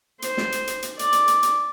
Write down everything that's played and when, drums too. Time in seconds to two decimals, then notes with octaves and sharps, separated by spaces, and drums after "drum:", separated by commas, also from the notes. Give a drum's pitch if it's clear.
0.22 C5, drum: hi-hat
0.37 drum: snare
0.52 drum: hi-hat
0.67 drum: hi-hat
0.82 drum: hi-hat
0.99 D5, drum: hi-hat
1.13 drum: hi-hat
1.28 drum: hi-hat
1.43 drum: hi-hat